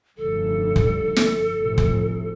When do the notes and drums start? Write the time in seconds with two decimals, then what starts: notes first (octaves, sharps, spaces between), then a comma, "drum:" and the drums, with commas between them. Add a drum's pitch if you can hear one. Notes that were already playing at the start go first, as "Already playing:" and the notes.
0.17 F1 G2 D3 A4
0.76 drum: kick
1.16 drum: snare
1.57 F1 A2 C3
1.78 drum: kick